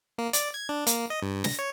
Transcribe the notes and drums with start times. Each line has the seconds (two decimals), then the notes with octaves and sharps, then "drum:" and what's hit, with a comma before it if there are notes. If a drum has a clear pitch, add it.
0.18 A#3
0.33 D5, drum: hi-hat
0.54 G#6
0.69 D4
0.87 A#3, drum: hi-hat
1.10 D#5
1.22 G2
1.44 A#6, drum: snare
1.59 C#5